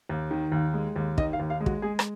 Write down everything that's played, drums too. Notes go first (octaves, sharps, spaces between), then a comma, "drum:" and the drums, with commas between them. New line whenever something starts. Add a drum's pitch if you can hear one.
D#2
D#3
D#2
G#3
D#2
D#3 D#5, drum: kick
F5
D#2
F5
G#3
F#4, drum: kick
G#3 G#4
drum: rim click